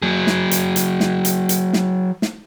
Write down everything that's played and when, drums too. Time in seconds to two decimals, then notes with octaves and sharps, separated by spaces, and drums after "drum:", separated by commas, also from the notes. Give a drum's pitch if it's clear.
0.03 F#3 G#4
0.27 drum: snare
0.51 drum: hi-hat
0.76 drum: hi-hat
1.00 drum: snare
1.25 drum: hi-hat
1.49 drum: hi-hat
1.73 drum: snare
2.22 drum: snare